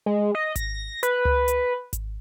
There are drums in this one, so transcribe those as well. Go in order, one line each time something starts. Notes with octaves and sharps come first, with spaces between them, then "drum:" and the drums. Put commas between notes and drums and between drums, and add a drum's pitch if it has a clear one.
G#3
D#5
A#6, drum: kick G#1, hi-hat
B4, drum: hi-hat
drum: tom C#2
drum: hi-hat
drum: kick G#1, hi-hat